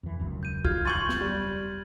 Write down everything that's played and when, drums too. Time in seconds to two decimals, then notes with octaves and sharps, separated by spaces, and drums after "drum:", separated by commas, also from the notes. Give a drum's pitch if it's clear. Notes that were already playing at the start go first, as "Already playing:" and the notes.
0.03 F2 E3
0.20 E1 C#2 F#2
0.43 G6 D#7
0.65 F4 F6 G6 G#6, drum: kick
0.85 C6 C#6 G6 A6 D#7 F#7
1.09 drum: snare
1.21 G3